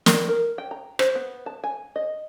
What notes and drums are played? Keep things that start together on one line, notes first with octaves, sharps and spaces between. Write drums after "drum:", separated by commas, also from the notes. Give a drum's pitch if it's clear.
A#4, drum: snare
A#4
G5
A#5
C5, drum: rim click
B3
A5
G#5
D#5